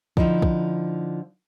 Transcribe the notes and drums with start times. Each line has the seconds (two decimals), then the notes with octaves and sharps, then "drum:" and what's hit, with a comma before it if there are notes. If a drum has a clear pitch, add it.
0.17 D3 F3 D#4 E4, drum: kick
0.42 drum: kick